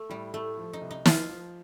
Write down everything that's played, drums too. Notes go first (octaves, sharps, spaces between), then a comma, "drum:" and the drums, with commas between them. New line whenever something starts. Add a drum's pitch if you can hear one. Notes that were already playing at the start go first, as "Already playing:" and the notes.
Already playing: A3
A2 G3
A2 A3
F3
D#4
C2
D#4
F3 F4, drum: snare
F3